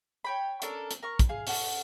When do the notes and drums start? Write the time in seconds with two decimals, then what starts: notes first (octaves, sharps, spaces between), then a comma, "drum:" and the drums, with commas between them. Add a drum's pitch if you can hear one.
0.25 C#5 G5 B5
0.62 C#4 D4 A4 A#4, drum: hi-hat
0.91 drum: hi-hat
1.03 A#4 C#6
1.19 drum: kick, hi-hat
1.29 G#4 F5
1.47 C#4 A4 F#5, drum: open hi-hat